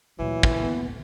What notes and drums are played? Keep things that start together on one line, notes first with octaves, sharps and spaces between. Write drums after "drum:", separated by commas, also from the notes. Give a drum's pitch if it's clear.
D2 A#2 E3 F#3
drum: kick
B3